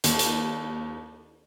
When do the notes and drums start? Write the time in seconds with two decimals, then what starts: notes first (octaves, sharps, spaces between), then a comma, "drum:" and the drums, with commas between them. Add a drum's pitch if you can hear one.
0.04 D#2, drum: hi-hat
0.19 drum: hi-hat